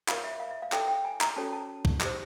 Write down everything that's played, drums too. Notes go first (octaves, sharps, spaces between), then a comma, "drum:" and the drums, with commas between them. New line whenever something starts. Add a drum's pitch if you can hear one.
F4 A#4 C#5 F5, drum: clap
E5
F5
E5
F5
E4 A4 C#5 G5, drum: clap
G5
G#5
A#5, drum: clap
C#4 F#4 A4 C#5 A5
A5
drum: kick
D#4 G4 C5, drum: clap